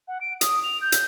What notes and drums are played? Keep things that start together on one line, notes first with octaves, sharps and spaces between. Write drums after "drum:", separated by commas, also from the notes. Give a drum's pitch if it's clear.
F#5
D7
D#6, drum: hi-hat
F7
G6
drum: hi-hat